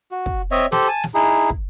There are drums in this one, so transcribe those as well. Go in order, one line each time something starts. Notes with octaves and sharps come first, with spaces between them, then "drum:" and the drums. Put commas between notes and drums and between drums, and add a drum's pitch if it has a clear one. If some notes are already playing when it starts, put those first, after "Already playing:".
F#4
drum: kick
C4 C#5 D#5 E5
G4 A4 C5, drum: snare
G#5 A5
drum: snare
D#4 E4 G#4
drum: kick